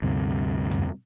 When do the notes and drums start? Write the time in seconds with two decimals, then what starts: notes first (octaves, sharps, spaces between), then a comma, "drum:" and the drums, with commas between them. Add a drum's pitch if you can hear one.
0.02 D2 G2 C3
0.71 drum: tom